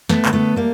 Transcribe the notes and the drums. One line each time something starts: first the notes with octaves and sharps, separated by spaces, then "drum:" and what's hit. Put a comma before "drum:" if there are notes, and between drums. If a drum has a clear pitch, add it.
A3 B3, drum: snare
D3, drum: clap
A3 B3
G3 A#3